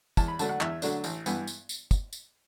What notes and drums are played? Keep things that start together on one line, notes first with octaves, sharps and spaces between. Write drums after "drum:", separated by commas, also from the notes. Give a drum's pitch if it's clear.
E2 A5, drum: kick, tambourine
B5
D3 F#3 A3 D4 A5, drum: tambourine
F#5
E2 E5, drum: clap
D3 F#3 A3 D4, drum: tambourine
A1, drum: tambourine
G2 E3 B3, drum: tambourine
drum: tambourine
drum: tambourine
drum: kick, tambourine
drum: tambourine